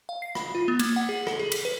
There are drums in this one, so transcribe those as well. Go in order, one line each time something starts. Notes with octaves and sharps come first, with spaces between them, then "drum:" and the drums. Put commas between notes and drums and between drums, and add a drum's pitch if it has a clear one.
F5
C7
B5, drum: rim click
F4
B3
A#3, drum: cymbal
F#5
G#4
A4, drum: rim click
G#4
B6, drum: cymbal
B4